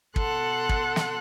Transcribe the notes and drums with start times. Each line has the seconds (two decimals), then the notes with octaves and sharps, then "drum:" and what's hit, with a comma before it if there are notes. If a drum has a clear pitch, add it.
0.16 B2 A4 F#5 C6 F#6, drum: kick
0.69 drum: kick
0.96 drum: snare